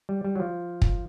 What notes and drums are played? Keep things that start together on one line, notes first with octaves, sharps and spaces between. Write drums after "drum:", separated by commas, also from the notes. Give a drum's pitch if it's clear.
G3
G3
F#3
F3
drum: kick